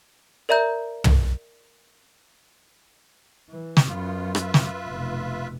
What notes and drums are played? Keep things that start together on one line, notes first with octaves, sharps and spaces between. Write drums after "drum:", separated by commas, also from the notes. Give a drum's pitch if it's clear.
A#4 D5 E5 A#5 G6
drum: tom
E3
drum: snare
F#2 B3 F4
F4 B4 E5, drum: rim click
drum: snare
F1 B2